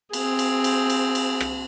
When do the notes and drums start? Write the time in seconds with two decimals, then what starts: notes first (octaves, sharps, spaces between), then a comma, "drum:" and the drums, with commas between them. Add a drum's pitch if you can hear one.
0.13 C4 G#4, drum: cymbal
0.39 drum: cymbal
0.64 drum: cymbal
0.90 drum: cymbal
1.15 drum: cymbal
1.40 drum: rim click